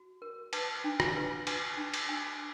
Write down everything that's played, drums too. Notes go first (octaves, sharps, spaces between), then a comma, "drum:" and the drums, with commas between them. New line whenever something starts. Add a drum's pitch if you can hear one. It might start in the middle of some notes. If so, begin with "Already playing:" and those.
Already playing: F#4
A#4
B4 A5, drum: cymbal
D4
G#5, drum: rim click
B4
B4 G#5, drum: cymbal
D4
drum: cymbal
D4 G#5